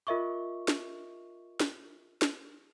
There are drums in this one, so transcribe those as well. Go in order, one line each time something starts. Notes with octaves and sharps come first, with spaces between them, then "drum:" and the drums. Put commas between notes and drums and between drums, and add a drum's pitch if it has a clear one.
F4 A#4 D#5 E5 C#6 D6
drum: snare
drum: snare
drum: snare